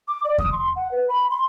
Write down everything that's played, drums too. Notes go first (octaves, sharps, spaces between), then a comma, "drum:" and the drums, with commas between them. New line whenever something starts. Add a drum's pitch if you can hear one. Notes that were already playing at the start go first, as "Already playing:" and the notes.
D6
D5
D#6, drum: kick E2
C6
F#5
B4
B5
C6